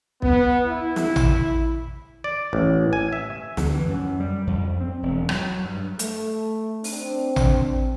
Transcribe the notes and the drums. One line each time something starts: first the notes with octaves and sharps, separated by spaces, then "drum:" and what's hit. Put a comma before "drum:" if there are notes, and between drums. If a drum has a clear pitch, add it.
B3, drum: kick
E4
drum: snare
drum: tom A1
D5
A1
G#5
E5
D2, drum: snare
E3
F#2
G3
F2
C4
E1
F#3, drum: rim click
G2
A3, drum: hi-hat
C4 D4, drum: open hi-hat
drum: tom A1